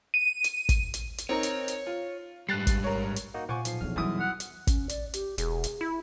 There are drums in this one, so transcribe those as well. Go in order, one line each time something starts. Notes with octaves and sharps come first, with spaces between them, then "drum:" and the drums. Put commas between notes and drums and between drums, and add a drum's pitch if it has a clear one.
D#7
drum: hi-hat
drum: kick, hi-hat
drum: hi-hat
drum: hi-hat
C4 D#4 A#4 C#5
drum: hi-hat
drum: hi-hat
F4
G#2 G3 F#6 A6 C7
drum: kick, hi-hat
A#4 C#5
drum: hi-hat
A#3 D#4 F#4
A#2 F4 C5 F#5 G#5 C#6 D6
B1 F3 C7, drum: hi-hat
B1 E2 F3 D4 F6
F#2 E3 G3 E4 D#6
F#5 F6
drum: hi-hat
C#4, drum: kick, hi-hat
D5, drum: hi-hat
G4, drum: hi-hat
E1 G#4, drum: hi-hat
drum: hi-hat
E4